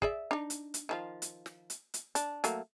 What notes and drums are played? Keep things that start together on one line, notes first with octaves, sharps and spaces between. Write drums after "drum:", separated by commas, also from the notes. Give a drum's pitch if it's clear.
G#4 D5 E5, drum: kick
D4 D#4
drum: hi-hat
drum: hi-hat
D#3 F3 F4
drum: hi-hat
drum: snare
drum: hi-hat
drum: hi-hat
D4, drum: hi-hat
F#3 A3 A#3, drum: hi-hat